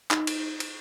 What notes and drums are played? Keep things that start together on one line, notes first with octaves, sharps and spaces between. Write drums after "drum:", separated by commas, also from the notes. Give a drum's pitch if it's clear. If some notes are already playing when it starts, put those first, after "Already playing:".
D#4, drum: clap
drum: cymbal
drum: cymbal